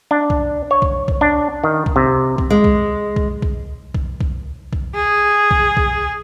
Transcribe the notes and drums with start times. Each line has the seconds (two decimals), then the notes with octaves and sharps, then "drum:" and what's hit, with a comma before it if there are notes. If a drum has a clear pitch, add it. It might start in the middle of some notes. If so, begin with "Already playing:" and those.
0.11 D4
0.30 drum: kick B1
0.71 C#5
0.82 drum: kick B1
1.08 drum: kick B1
1.21 D4
1.64 D#3
1.86 drum: kick B1
1.96 C3
2.38 drum: kick B1
2.50 G#3
2.64 drum: kick B1
3.16 drum: kick B1
3.42 drum: kick B1
3.94 drum: kick B1
4.21 drum: kick B1
4.73 drum: kick B1
4.95 G#4
5.51 drum: kick B1
5.77 drum: kick B1